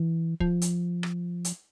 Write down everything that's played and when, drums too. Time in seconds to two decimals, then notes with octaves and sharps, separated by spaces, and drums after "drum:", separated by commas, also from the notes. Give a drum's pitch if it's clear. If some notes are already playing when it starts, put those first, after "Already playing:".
Already playing: E3
0.40 F3, drum: kick
0.62 drum: hi-hat
1.03 drum: rim click
1.45 drum: hi-hat